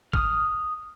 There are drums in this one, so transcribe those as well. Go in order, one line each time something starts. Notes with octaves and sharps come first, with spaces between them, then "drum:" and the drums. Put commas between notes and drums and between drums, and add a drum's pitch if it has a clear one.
D#6 F6, drum: kick